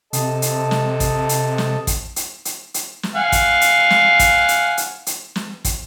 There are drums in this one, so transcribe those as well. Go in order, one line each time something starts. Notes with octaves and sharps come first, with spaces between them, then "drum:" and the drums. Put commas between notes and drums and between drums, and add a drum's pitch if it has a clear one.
C3 A4 D#5 A5, drum: hi-hat
drum: hi-hat
drum: snare
drum: kick, hi-hat
drum: hi-hat
drum: snare
drum: kick, hi-hat
drum: hi-hat
drum: hi-hat
drum: hi-hat
drum: snare
F5 F#5 G#5
drum: kick, hi-hat
drum: hi-hat
drum: snare
drum: kick, hi-hat
drum: hi-hat
drum: hi-hat
drum: hi-hat
drum: snare
drum: kick, hi-hat